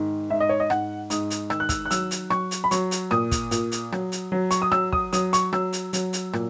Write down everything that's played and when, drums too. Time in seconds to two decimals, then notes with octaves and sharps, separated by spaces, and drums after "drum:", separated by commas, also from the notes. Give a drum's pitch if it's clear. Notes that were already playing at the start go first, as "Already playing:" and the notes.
Already playing: G#2 D#3
0.30 G#2 E5
0.40 D#5
0.49 C#5
0.60 D#5
0.70 G#2 F#5, drum: rim click
1.10 G#2 D#6, drum: hi-hat
1.30 drum: hi-hat
1.50 D#3 E6, drum: rim click
1.60 F#6
1.69 E6, drum: kick, hi-hat
1.85 F#6
1.91 F#3 E6, drum: hi-hat
2.11 drum: hi-hat
2.30 F#3 C#6, drum: rim click
2.51 drum: hi-hat
2.64 B5
2.71 F#3 C#6, drum: hi-hat
2.91 drum: hi-hat
3.11 A#2 D#6, drum: rim click
3.31 drum: kick, hi-hat
3.51 A#2, drum: hi-hat
3.72 drum: hi-hat
3.92 F#3, drum: rim click
4.12 drum: hi-hat
4.32 F#3
4.51 C#6, drum: hi-hat
4.62 D#6
4.72 F#3 E6, drum: rim click
4.93 D#6, drum: kick
5.13 F#3 D#6, drum: hi-hat
5.33 C#6, drum: hi-hat
5.53 F#3 E6, drum: rim click
5.73 drum: hi-hat
5.93 F#3, drum: hi-hat
6.13 drum: hi-hat
6.33 A#2, drum: rim click